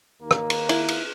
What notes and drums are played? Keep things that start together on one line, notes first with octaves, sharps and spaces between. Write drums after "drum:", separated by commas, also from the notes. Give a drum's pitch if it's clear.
D#2 A#3
drum: rim click
drum: cymbal
E4, drum: cymbal
drum: cymbal